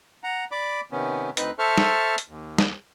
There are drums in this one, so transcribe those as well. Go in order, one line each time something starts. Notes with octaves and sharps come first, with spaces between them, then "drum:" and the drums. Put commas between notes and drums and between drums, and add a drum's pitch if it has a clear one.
F#5 A#5
D5 B5 D6
C3 D#3 B3 C#4
D2 C4 D#4 B4 F#6, drum: hi-hat
A4 C5 E5 A5 C#6 F6
drum: snare
drum: hi-hat
D#2
drum: snare